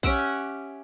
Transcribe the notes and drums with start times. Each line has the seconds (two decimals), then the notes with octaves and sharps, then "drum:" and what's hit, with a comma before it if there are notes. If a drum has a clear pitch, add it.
0.03 C#4 G4 E5 F#5, drum: kick A#1